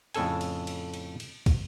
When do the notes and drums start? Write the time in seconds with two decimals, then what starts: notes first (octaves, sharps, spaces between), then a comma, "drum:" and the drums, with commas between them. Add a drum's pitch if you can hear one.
0.14 F2 A2 C#3 A4 G#5, drum: cymbal
0.41 drum: cymbal
0.67 drum: cymbal
0.94 drum: cymbal
1.20 drum: cymbal
1.46 drum: kick, cymbal